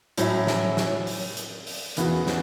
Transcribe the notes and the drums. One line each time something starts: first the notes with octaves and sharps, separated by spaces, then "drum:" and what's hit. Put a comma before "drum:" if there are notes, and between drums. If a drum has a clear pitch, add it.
A2 F#3 C#4 E4, drum: hi-hat
drum: snare
drum: snare
drum: open hi-hat
drum: hi-hat
drum: open hi-hat
E2 C#3 E3 B3 F#4, drum: hi-hat
drum: snare